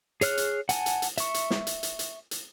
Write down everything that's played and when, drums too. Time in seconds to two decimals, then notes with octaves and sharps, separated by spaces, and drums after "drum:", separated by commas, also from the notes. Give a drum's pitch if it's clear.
0.21 G#4 C#5 F6 F#6, drum: hi-hat
0.37 drum: hi-hat
0.69 F#5 G#5 A5, drum: hi-hat
0.86 drum: hi-hat
1.02 drum: hi-hat
1.18 E5 C#6, drum: hi-hat
1.34 drum: hi-hat
1.50 drum: snare
1.67 drum: hi-hat
1.83 drum: hi-hat
1.99 drum: hi-hat
2.31 drum: hi-hat